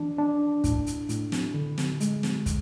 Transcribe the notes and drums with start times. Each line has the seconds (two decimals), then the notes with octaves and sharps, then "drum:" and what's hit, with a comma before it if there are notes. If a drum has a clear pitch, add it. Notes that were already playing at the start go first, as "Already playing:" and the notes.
Already playing: E3 D4
0.18 D4
0.64 A2, drum: kick, hi-hat
0.87 drum: hi-hat
1.09 A2, drum: hi-hat
1.32 drum: snare
1.54 D3
1.78 drum: snare
2.00 G#3, drum: hi-hat
2.23 drum: snare
2.46 drum: kick, hi-hat